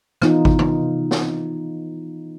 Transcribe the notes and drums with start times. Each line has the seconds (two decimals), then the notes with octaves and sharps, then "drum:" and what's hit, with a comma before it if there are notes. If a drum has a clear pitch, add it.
0.22 E3 B3 D#4 F4, drum: rim click
0.45 drum: kick G#1
0.59 drum: tom C3
1.11 drum: snare